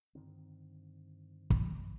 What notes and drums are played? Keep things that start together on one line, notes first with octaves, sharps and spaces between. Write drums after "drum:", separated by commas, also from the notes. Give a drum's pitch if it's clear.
G2 D3 D#3 C4
drum: kick